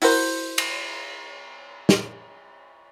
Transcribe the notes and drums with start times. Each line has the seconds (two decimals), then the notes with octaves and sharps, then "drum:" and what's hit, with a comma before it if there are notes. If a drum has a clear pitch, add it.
0.02 E4 F#4 A#4 C5, drum: open hi-hat
0.58 drum: cymbal
1.89 drum: snare